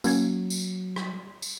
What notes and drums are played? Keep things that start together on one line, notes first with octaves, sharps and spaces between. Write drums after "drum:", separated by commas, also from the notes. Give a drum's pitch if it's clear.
F#3 A#3 C#4 G#6, drum: tambourine
drum: tambourine
drum: rim click
drum: tambourine